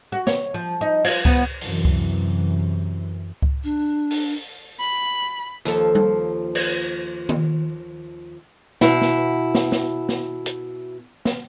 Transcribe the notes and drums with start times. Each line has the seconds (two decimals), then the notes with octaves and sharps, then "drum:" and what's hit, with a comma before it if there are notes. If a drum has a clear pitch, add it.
0.12 F#4
0.27 C#5, drum: snare
0.54 F3
0.81 D#4
1.04 F4, drum: cymbal
1.25 B3, drum: kick C#2
1.61 F#2 C3 E3, drum: open hi-hat
1.85 drum: kick C#2
3.42 drum: kick C#2
3.64 D4
4.11 drum: open hi-hat
4.79 B5
5.65 D#2 F3 A4, drum: tambourine
5.95 drum: tom G3
6.55 drum: cymbal
7.29 drum: tom D#3
8.81 B2 E4, drum: snare
9.01 drum: snare
9.55 drum: snare
9.72 drum: snare
10.09 drum: snare
10.46 drum: hi-hat
11.25 drum: snare